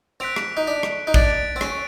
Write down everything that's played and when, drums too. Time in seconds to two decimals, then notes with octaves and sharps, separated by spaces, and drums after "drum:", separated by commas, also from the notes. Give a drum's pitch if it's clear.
0.20 C4 F#6 B6 D7 F7
0.36 drum: rim click
0.57 D#4
0.67 D4
0.83 drum: rim click
1.07 D#4
1.14 D4 F#6 A6 D7, drum: kick
1.56 C4
1.61 C#4, drum: rim click